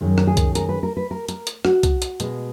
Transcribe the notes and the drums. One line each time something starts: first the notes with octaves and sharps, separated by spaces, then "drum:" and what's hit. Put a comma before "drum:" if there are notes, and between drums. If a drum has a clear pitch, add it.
F#2 D#3 G#3
A#4, drum: rim click
G#4
drum: kick, hi-hat
A#4, drum: hi-hat
B4
A#4
B4
A#4
A#4, drum: hi-hat
drum: hi-hat
F#4, drum: rim click
drum: kick, hi-hat
drum: hi-hat
B2 G#3, drum: hi-hat